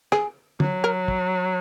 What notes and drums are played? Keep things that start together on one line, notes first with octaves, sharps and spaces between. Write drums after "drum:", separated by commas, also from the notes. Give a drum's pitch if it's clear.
G#4, drum: rim click
F#3, drum: tom
A#4
drum: kick